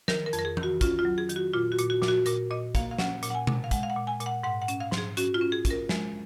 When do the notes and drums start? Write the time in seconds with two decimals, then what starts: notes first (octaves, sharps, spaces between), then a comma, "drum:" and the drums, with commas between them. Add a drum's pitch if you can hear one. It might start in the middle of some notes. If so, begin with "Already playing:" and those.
0.08 D#3 A#4, drum: snare
0.26 A#4
0.33 F2, drum: hi-hat
0.39 A#4
0.45 G#4
0.57 D#3, drum: tom
0.63 F#4
0.81 C#4 F4, drum: kick, hi-hat
0.99 F4
1.05 F#3
1.18 G#4
1.29 D#3, drum: hi-hat
1.36 F#4
1.54 A#2 F4
1.72 F#4
1.79 A#2, drum: hi-hat
1.90 F#4
2.02 A#2, drum: snare
2.08 F#4
2.26 A#2 A#4, drum: hi-hat
2.50 A#2 D#5
2.75 A#3 F5, drum: kick, hi-hat
2.91 F5
2.98 C#4 F#5, drum: snare
3.23 A#2, drum: hi-hat
3.30 F#5
3.35 G#5
3.47 A#2, drum: tom B2
3.64 F5
3.71 G#3 F#5, drum: kick, hi-hat
3.83 F5
3.90 F#5
3.96 A#2
4.07 G#5
4.20 A#2, drum: hi-hat
4.26 F#5
4.43 G#2 F#5
4.62 F#5
4.68 C#4, drum: hi-hat
4.80 F5
4.92 G#2, drum: snare
4.98 G#4
5.17 C#4 F#4, drum: hi-hat
5.34 F4
5.41 C#4
5.52 G#4
5.65 C#4, drum: kick, hi-hat
5.70 A#4
5.89 G#3, drum: snare